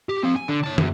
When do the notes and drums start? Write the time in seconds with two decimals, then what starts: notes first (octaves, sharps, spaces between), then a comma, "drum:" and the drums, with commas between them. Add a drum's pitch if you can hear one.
0.09 G4
0.23 C4 F5
0.36 G#5
0.48 D3
0.63 C#5 A5
0.78 F#2, drum: tom